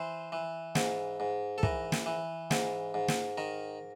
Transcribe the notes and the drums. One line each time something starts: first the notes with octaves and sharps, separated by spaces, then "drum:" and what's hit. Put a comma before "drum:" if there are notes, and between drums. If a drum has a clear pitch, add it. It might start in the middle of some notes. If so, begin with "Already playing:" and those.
Already playing: E3 C5
E3
G#2, drum: snare
G#2
A4
E3 A#4, drum: kick
drum: snare
E3
G#2, drum: snare
G#2
drum: snare
D#3 A#4